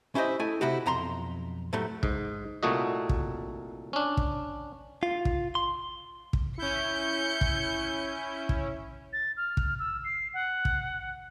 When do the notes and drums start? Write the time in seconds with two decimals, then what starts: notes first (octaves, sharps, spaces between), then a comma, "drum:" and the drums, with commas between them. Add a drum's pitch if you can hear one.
0.15 C#4 E4 G4 C5 D#5
0.40 A3 E4 G#5
0.61 C3 E4 F#4 G4
0.86 B1 F2 A#5 C6
1.73 A2 F#3 G3 A3
2.03 G#2, drum: kick
2.63 C2 A#2 A3 F#4 D#5
3.09 drum: kick
3.93 C#4 D4
4.17 drum: kick
5.03 F4
5.25 drum: kick
5.55 C6
6.33 drum: kick
6.58 C#4 E4 G6 C#7
7.41 drum: kick
8.49 drum: kick
9.13 A6
9.37 F6
9.57 drum: kick
9.79 E6
10.05 C7
10.34 F#5
10.65 drum: kick